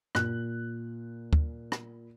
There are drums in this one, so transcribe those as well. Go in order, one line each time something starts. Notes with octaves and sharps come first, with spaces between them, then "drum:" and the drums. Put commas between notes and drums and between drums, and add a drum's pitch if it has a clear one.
A#2 F#6, drum: rim click
drum: kick
drum: rim click